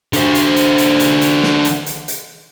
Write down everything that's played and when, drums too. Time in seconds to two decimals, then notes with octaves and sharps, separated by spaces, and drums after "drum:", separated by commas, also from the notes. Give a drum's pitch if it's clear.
0.13 D3 C5, drum: hi-hat
0.35 drum: hi-hat
0.56 drum: hi-hat
0.78 drum: hi-hat
1.00 drum: hi-hat
1.21 drum: hi-hat
1.43 drum: snare
1.65 drum: hi-hat
1.86 drum: hi-hat
2.08 drum: hi-hat